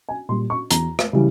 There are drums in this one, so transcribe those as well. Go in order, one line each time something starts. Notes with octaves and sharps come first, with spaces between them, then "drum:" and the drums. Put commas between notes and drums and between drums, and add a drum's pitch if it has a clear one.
G#5
A#2 G3 C6
C#6
E2 A#5, drum: hi-hat
drum: rim click
C#3 E3 G3